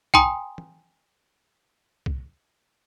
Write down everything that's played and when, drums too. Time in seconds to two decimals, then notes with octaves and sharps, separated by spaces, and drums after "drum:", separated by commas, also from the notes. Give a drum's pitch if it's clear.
0.14 G5 G#5 A#5 C6 D#6, drum: kick C2
0.58 drum: tom
2.06 drum: kick C2